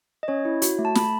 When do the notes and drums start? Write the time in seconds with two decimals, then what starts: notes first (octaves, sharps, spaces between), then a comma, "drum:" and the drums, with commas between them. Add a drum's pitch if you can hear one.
0.23 D#5
0.28 C#4 C#5
0.45 E4
0.62 F#4, drum: hi-hat
0.79 A3
0.85 A5
0.95 A3 B5, drum: snare